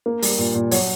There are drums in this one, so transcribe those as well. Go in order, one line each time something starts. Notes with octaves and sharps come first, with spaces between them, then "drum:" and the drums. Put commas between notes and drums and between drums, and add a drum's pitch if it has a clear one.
A#3
G3, drum: open hi-hat
A#2
A#2
F#3 C#5, drum: open hi-hat